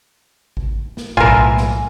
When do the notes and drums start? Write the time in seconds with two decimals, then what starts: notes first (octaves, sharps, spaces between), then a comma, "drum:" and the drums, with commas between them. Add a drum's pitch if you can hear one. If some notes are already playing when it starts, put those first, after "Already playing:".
0.57 drum: kick G#1
0.97 drum: snare
1.17 B1 A2 E3 F4 A#4 G#5, drum: kick G#1
1.57 drum: snare